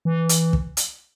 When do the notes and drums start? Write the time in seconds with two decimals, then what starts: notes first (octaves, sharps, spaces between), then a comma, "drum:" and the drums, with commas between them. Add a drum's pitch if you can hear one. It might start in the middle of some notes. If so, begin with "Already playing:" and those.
0.05 E3
0.29 drum: hi-hat
0.53 drum: kick
0.77 drum: hi-hat